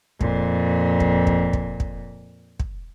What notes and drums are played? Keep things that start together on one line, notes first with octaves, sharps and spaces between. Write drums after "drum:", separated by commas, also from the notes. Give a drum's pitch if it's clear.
F2 A#2, drum: kick
drum: kick
drum: kick
drum: kick
drum: kick
drum: kick